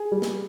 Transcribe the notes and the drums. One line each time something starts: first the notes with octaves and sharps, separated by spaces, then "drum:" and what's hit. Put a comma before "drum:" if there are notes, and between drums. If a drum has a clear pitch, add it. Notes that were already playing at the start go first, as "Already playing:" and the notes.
Already playing: G#4
G3
drum: snare